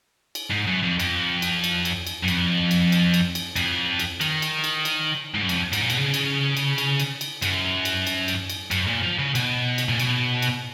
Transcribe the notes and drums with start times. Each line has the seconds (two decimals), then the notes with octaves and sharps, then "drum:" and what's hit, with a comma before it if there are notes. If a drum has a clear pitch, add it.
0.35 drum: cymbal
0.51 G#2
0.68 F#2
0.83 F2
1.00 F2, drum: cymbal
1.42 drum: cymbal
1.64 drum: cymbal
1.85 drum: cymbal
2.07 drum: cymbal
2.23 F#2
2.28 F2, drum: cymbal
2.71 drum: cymbal
2.92 drum: cymbal
3.14 drum: cymbal
3.35 drum: cymbal
3.56 F2, drum: cymbal
3.99 drum: cymbal
4.21 D#3, drum: cymbal
4.42 drum: cymbal
4.64 drum: cymbal
4.85 drum: cymbal
5.35 G#2
5.42 F#2
5.49 F2, drum: cymbal
5.73 G#2, drum: cymbal
5.81 A#2
5.90 B2, drum: cymbal
5.98 C#3
6.14 drum: cymbal
6.57 drum: cymbal
6.78 drum: cymbal
6.99 drum: cymbal
7.21 drum: cymbal
7.42 F#2, drum: cymbal
7.85 drum: cymbal
8.07 drum: cymbal
8.28 drum: cymbal
8.50 drum: cymbal
8.71 F#2, drum: cymbal
8.87 A#2
9.03 F3
9.19 C#3
9.35 B2, drum: cymbal
9.78 drum: cymbal
9.89 A#2
9.99 B2, drum: cymbal
10.42 drum: cymbal